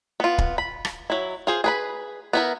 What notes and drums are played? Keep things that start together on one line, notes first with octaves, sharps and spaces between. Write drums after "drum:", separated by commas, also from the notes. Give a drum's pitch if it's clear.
B3 F4
drum: kick
B5
drum: rim click
F#3 E4
F4 G#4 C5
G#4 B4 B5
B3 E4 A#4